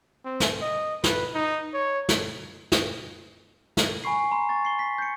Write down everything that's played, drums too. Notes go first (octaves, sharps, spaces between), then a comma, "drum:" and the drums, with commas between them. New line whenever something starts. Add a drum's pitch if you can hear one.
C4
drum: snare
D#5
B4, drum: snare
D#4
C#5
drum: snare
drum: snare
drum: snare
G#5 B5 C#6 C7
A#5 C6
C#6 A6
C7 G7
B6
G6 C#7